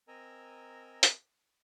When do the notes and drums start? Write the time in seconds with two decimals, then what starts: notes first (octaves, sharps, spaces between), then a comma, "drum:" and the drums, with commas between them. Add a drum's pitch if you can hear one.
0.08 C4 A#4 D#5 G#5 A#5 E6
1.03 drum: hi-hat